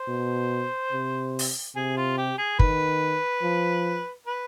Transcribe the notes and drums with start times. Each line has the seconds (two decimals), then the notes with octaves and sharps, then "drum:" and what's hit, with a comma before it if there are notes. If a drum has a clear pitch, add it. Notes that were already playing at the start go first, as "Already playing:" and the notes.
Already playing: C5
0.08 B2
0.92 C3
1.39 drum: open hi-hat
1.76 C3 G#4
1.97 F4
2.17 G4
2.38 G#4
2.59 D#3 B4, drum: kick
3.43 F3
4.27 B4